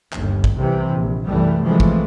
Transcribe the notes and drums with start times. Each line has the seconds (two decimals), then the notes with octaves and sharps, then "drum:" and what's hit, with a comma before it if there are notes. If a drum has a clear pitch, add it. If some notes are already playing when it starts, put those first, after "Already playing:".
0.13 G1 D#2, drum: clap
0.44 drum: kick
0.55 C2 C3 E3
0.90 A#1
1.28 C2 F#2 E3 G3 A3
1.63 C3 E3 F3 G#3 A3
1.80 drum: kick